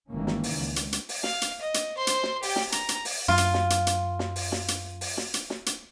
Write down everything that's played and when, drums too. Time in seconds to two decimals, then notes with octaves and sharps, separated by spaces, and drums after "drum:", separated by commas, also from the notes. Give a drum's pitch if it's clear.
0.11 G1 D#3 E3 G#3 A#3 C#4
0.27 drum: snare
0.44 drum: open hi-hat
0.54 C#2
0.76 drum: hi-hat
0.93 drum: hi-hat
1.09 drum: open hi-hat
1.23 F5, drum: snare
1.42 drum: hi-hat
1.61 D#5
1.74 drum: hi-hat
1.97 C5 C6
2.07 drum: hi-hat
2.23 drum: snare
2.43 G4 G5, drum: open hi-hat
2.56 drum: snare
2.72 A#5, drum: hi-hat
2.89 drum: hi-hat
3.05 drum: open hi-hat
3.28 F#2 F4
3.38 drum: hi-hat
3.54 drum: snare
3.70 drum: hi-hat
3.87 drum: hi-hat
4.19 drum: snare
4.36 drum: open hi-hat
4.52 drum: snare
4.68 drum: hi-hat
5.01 drum: open hi-hat
5.17 drum: snare
5.34 drum: hi-hat
5.50 drum: snare
5.66 drum: hi-hat